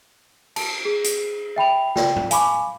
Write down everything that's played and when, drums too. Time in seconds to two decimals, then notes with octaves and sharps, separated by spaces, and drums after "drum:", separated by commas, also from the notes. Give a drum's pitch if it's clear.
0.56 A5, drum: cymbal
0.85 G#4
1.04 drum: hi-hat
1.56 E5 G5 B5 F7
1.96 F4 D5 G5, drum: snare
2.16 drum: tom A2
2.31 F5 G#5 A5 B5 C#6 D6, drum: hi-hat